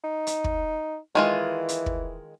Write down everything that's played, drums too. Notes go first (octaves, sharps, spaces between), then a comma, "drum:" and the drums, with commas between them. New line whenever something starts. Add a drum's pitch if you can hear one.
D#4
drum: hi-hat
drum: kick
D#3 E3 G#3 F4
drum: hi-hat
drum: kick